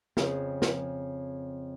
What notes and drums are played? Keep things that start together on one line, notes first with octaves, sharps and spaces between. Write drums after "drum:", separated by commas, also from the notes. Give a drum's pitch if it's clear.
F2 C#3, drum: snare
drum: snare